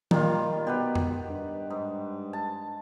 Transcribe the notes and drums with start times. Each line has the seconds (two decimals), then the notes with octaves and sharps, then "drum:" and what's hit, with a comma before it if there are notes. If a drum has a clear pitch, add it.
0.11 A#2 D#3 G3 F4, drum: tom D#3
0.67 B2 G4 B4 F#5
0.95 drum: tom F2
1.29 G2
1.70 G#2
2.33 A5